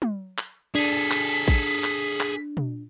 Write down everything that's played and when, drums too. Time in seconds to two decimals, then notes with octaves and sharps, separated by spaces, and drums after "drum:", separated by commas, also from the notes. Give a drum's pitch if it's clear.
0.02 drum: tom
0.38 drum: clap
0.75 D4 G#4 A4 B6, drum: hi-hat
1.11 drum: clap
1.48 drum: kick, hi-hat
1.84 drum: clap
2.21 drum: clap
2.57 drum: tom